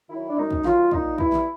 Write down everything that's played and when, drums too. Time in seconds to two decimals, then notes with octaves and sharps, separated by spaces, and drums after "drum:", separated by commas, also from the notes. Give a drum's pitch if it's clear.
0.09 D#3 F#3 E4
0.29 D4
0.37 F#2 D#4, drum: tom F#3
0.50 drum: kick
0.64 D#3 F#3 F4, drum: snare
0.91 A#2 D#4, drum: kick
1.18 G3 B3 E4, drum: kick
1.32 drum: snare